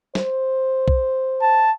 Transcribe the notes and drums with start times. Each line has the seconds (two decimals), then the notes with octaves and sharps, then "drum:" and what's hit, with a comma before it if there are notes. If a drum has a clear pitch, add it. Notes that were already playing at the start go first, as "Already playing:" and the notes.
0.15 C5, drum: snare
0.88 drum: kick
1.42 A5